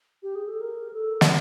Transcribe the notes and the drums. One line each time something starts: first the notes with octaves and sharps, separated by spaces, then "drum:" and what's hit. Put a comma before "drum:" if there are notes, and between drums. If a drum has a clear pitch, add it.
G4
G#4
A4
A#4
A4
B4, drum: snare